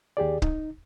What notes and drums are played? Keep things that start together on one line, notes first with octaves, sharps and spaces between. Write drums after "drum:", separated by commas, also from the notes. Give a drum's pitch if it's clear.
D#2 G4 G#4 D5
D#4, drum: kick C#1